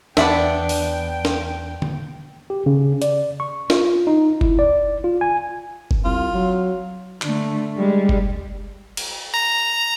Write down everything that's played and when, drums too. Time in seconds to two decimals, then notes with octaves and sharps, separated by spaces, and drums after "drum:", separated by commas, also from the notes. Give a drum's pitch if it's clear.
0.17 E2 B3 D4 D5 E5 G5, drum: snare
0.69 drum: open hi-hat
1.25 drum: snare
1.82 drum: tom D3
2.50 G4
2.66 C#3
3.02 D5, drum: hi-hat
3.40 C#6
3.70 F4, drum: snare
4.07 D#4
4.41 E4, drum: kick F#1
4.59 D5
5.04 F4
5.21 G#5
5.91 drum: kick F#1
6.05 C2 F4
6.34 F#3
7.22 D3 A3, drum: clap
7.77 G3 G#3
8.09 drum: kick F#1
8.97 drum: cymbal
9.34 A#5